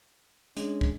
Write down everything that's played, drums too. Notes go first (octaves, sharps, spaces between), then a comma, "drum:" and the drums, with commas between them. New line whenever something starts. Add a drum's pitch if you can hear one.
G#3 C#4 D4, drum: hi-hat
drum: kick